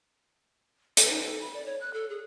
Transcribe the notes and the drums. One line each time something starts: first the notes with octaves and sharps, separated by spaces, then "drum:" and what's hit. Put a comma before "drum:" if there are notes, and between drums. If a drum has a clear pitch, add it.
A4, drum: hi-hat
D#4
A4
B5
D5
C#5
F#6
A4
G#4